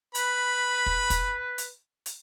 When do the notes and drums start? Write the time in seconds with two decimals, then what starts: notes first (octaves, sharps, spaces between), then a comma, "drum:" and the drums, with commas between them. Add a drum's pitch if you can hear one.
0.15 B4 B5, drum: hi-hat
0.86 drum: kick
1.10 drum: kick, hi-hat
1.58 drum: hi-hat
2.06 drum: hi-hat